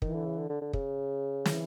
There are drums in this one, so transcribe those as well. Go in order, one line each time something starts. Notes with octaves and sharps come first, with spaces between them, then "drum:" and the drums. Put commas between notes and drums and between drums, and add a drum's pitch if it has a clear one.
D#3 E3, drum: kick
D3
C#3
D3
D3
D3
C#3, drum: kick
E3, drum: snare